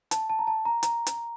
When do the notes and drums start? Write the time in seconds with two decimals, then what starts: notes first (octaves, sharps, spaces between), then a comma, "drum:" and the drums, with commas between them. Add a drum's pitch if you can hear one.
0.11 A5, drum: hi-hat
0.30 A5
0.39 A#5
0.47 A5
0.65 A#5
0.83 A#5, drum: hi-hat
1.07 drum: hi-hat